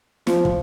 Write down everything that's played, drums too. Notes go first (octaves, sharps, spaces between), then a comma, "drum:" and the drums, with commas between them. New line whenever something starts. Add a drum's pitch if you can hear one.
F3, drum: snare
drum: kick